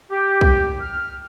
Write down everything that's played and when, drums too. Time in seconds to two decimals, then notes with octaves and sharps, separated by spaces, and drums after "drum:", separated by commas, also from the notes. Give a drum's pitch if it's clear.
0.11 G4
0.41 drum: kick B1
0.80 F6